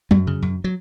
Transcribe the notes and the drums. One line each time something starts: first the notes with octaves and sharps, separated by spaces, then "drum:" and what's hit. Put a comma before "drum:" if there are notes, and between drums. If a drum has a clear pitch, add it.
F#2 F#3, drum: tom
C#3
F#2
F#3